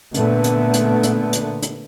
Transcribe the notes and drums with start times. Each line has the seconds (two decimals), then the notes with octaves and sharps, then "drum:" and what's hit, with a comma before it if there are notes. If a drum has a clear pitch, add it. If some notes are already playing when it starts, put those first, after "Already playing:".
0.14 A#2 D3 A3 B3, drum: hi-hat
0.44 drum: hi-hat
0.74 drum: hi-hat
1.03 drum: hi-hat
1.33 drum: hi-hat
1.62 drum: hi-hat